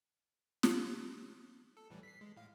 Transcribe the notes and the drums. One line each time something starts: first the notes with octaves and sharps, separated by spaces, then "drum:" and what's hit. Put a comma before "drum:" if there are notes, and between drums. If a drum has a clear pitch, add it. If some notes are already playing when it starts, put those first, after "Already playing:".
drum: snare
A4
A2 E3 G3
B6 C7
G#3
A2 F5